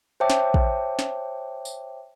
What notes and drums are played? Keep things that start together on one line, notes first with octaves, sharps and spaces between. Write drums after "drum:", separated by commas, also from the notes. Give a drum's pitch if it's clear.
C5 C#5 E5 G5 A5 D6
drum: snare
drum: kick
drum: snare
drum: tambourine